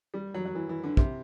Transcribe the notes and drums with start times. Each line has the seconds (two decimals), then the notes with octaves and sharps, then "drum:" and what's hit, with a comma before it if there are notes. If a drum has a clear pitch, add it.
0.14 G3
0.34 F#3
0.45 F#3
0.55 E3
0.69 E3
0.83 D3
0.97 C3, drum: kick